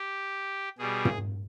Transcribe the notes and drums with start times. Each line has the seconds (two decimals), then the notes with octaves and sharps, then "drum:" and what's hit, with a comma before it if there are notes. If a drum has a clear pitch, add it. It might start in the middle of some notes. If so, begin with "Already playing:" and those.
Already playing: G4
0.78 B2 G3 G#4
1.05 drum: tom